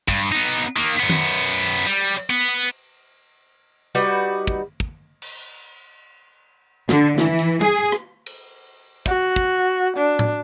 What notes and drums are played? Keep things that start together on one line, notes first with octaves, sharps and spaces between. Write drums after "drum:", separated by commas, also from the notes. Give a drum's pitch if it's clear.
G2, drum: kick
B3 D#4
D#3 A#3, drum: hi-hat
F#2 B3
drum: tom D#3
G3, drum: cymbal
B3
G3 D#4 F#4 B4
drum: kick
drum: kick
drum: cymbal
D3, drum: snare
E3, drum: snare
drum: hi-hat
G#4, drum: tom
drum: rim click
drum: cymbal
F#4, drum: kick
drum: kick
D4
drum: tom A2